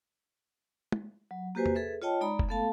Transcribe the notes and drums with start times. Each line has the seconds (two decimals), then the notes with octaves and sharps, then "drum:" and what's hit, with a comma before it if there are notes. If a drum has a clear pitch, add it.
0.92 drum: tom
1.31 F#3
1.55 A#3 F#4 G4 B4 C5 G#5
1.66 drum: tom E2
1.75 G#4 A4 B4 E5
2.02 F4 C#5 D#5 G5 A5
2.21 G#3 D#4 D5 A#5 B5 D#6
2.39 drum: kick
2.49 A3 B3 A4 F5 A5